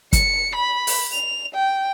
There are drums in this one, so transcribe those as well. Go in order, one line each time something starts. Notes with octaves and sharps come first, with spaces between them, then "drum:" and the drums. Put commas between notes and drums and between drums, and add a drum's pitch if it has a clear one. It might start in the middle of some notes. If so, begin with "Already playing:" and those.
C#7, drum: kick, hi-hat
B5
drum: open hi-hat
F7
G5